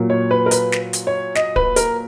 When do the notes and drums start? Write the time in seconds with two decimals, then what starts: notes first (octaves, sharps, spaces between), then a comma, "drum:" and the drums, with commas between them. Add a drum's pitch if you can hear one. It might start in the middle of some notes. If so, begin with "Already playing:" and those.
Already playing: A#2 F#3 A#3
0.10 C#5
0.31 B4
0.46 A#4
0.51 B4, drum: hi-hat
0.72 drum: snare
0.93 drum: hi-hat
1.07 C#5
1.35 D#5, drum: snare
1.56 B4, drum: kick
1.76 A#4, drum: hi-hat